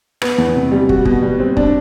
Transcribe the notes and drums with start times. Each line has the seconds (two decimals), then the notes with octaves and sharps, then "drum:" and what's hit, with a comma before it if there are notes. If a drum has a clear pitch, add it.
0.22 B3, drum: rim click
0.38 E2
0.56 C3
0.72 G3
0.89 F#4, drum: kick
1.05 B2, drum: kick
1.23 G3
1.40 C4
1.57 D4, drum: kick